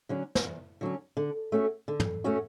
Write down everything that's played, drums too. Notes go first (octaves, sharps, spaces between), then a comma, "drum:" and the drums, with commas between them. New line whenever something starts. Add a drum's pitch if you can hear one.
D3 F#3 C#4
drum: snare
E2
D3 F#3 C#4
D3
A3 C#4 F#4
D3
drum: tom
A3 C#4 F#4